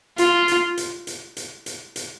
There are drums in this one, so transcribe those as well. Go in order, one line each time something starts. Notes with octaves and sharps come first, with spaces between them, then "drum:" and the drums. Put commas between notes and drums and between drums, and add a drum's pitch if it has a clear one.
F4, drum: hi-hat
drum: hi-hat
drum: hi-hat
drum: hi-hat
drum: hi-hat
drum: hi-hat
drum: hi-hat